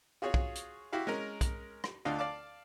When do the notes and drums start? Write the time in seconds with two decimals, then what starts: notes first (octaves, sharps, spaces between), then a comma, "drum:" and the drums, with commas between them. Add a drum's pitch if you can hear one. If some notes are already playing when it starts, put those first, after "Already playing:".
0.22 F4 F#4 G#4 C#5
0.34 drum: kick
0.55 drum: hi-hat
0.93 E4 F#4 G4 F5
1.07 G#3 C#4 A#4
1.41 drum: kick, hi-hat
1.84 drum: rim click
2.05 D2 D4 F4 D#5 F5
2.19 D5 F5 A5 D6